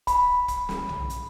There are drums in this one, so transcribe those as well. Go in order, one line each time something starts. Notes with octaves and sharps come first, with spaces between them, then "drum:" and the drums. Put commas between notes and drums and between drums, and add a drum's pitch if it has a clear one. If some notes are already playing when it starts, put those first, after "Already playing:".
B5, drum: kick, hi-hat
drum: kick, hi-hat
drum: snare
drum: tom
drum: hi-hat